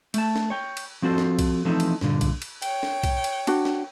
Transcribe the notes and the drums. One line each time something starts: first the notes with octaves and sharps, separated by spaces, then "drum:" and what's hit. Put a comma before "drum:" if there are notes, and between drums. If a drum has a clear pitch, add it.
A3 A5, drum: cymbal
drum: snare
C#5 G5
drum: cymbal
F3 C4 F#4 A4 C5
drum: snare
drum: kick B1, cymbal
E3 F3 A3 C4 D#4 A4
drum: cymbal
G2 A#2 D3, drum: snare
drum: kick B1, cymbal
drum: cymbal
C#5 G5, drum: cymbal
drum: snare
drum: kick B1, cymbal
drum: cymbal
D4 F#4, drum: cymbal
drum: snare